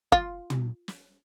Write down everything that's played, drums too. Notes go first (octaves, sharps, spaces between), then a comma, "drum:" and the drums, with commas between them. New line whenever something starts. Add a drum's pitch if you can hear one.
F4, drum: kick
drum: tom
drum: snare